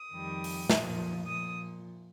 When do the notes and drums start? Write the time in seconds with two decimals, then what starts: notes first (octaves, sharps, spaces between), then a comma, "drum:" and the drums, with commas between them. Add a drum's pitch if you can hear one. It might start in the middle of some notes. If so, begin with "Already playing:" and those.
Already playing: D#6
0.12 F2 D#3 G3
0.44 drum: open hi-hat
0.70 A#2 F3, drum: snare
1.27 A#2 F3 D#6